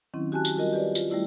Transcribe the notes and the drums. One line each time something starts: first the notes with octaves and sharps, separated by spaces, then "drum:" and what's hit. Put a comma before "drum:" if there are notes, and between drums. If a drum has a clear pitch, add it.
D#3 F#3 C4 C#4 E4
F#4 G4 G#5 A5 F#6
drum: tambourine
G3 F4 F#4 A#4 D#5
G4 B4 D5
F4, drum: tambourine
G3 A3 E4 D5